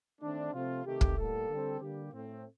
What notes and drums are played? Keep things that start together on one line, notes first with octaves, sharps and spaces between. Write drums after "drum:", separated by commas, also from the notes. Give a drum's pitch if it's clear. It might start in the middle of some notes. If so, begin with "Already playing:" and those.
D#3 A3 C4 D4
C3 F3 A3 C4 F4
C3 D#3 A3 G4
drum: kick
A2 G3 A#3 A4
D3 G3 C4
D3 G3 A#3 G4
A2 A3 C4